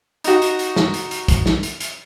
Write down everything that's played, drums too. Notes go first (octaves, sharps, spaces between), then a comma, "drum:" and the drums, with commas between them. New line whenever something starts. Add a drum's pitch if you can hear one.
D#4 F#4, drum: hi-hat
drum: hi-hat
drum: hi-hat
drum: snare
drum: hi-hat
drum: hi-hat
drum: kick, hi-hat
drum: snare
drum: hi-hat
drum: hi-hat